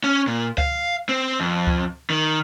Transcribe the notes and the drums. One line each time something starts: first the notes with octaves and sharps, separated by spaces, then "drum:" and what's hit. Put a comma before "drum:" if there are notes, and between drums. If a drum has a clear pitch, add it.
C#4
A#2
F5, drum: kick C#2
C4
F2
drum: kick C#2
D#3